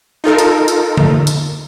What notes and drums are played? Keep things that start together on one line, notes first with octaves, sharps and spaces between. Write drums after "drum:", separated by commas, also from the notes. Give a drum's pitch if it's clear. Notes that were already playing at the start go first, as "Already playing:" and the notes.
D#4 F4 A4 A#4
drum: hi-hat
drum: hi-hat
drum: tom D3
drum: hi-hat